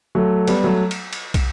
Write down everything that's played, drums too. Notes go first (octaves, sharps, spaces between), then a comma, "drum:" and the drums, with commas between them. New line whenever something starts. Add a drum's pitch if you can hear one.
F#3 A3
G3 B3, drum: cymbal
F#3 A3
drum: cymbal
drum: cymbal
drum: kick, cymbal